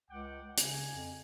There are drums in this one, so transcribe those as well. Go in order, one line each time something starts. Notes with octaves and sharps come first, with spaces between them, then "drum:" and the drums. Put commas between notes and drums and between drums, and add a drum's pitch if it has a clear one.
C#2 F#5 G5 D6
C#3 G#5, drum: hi-hat
F2